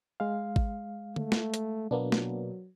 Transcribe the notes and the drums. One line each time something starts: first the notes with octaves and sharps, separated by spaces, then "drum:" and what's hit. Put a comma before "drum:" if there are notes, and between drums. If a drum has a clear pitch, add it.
G#3 F5
drum: kick G#1
A3, drum: tom D3
drum: snare
drum: hi-hat
B2 F#3 A#3 B3 D4
drum: snare